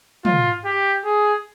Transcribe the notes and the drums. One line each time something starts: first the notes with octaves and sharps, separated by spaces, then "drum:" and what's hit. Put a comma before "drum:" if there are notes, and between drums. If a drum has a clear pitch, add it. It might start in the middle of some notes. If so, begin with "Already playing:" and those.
F4, drum: tom
G4
G#4